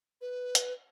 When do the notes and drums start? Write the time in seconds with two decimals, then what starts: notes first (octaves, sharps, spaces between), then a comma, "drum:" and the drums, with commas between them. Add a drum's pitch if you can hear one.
0.21 B4
0.55 drum: hi-hat